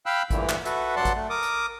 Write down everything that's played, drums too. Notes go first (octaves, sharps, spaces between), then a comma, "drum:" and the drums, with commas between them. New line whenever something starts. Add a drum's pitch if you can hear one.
F5 G5 B5 E6 F#6
D2 G2 A#2 D3 E3, drum: kick A1, hi-hat
drum: clap
F#4 A4 B4 E5, drum: hi-hat
G2 F#3 D5 F#5 A5 C6
drum: kick A1, hi-hat
A3
A#4 D6 D#6
drum: hi-hat